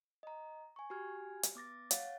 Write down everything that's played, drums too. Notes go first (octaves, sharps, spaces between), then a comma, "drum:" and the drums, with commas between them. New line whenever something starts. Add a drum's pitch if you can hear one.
D#5 A#5
G#5 C#6
F#4 G4 G#5 F6 G#6
drum: hi-hat
B3 D6 A6 A#6
C#5 F5 F#5 A6, drum: hi-hat